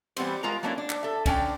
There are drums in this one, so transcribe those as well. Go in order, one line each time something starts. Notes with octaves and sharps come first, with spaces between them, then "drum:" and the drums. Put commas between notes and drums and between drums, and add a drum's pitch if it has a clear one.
E3 G3 B3 C4 C5, drum: cymbal
G#3 F4 A#4 A#5
F#3 A3 A#3 C#4 D4 E4
D4
drum: clap
A4 E5
D3 C#4 D4 G5, drum: kick, cymbal